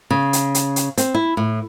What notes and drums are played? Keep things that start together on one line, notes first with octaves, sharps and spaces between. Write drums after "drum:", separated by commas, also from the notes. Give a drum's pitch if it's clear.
C#3
drum: hi-hat
drum: hi-hat
drum: hi-hat
C4, drum: hi-hat
E4
A2